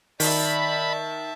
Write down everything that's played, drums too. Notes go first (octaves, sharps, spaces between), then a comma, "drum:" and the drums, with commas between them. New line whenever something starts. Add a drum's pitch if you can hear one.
D#3 D5 E5 A5 B5, drum: open hi-hat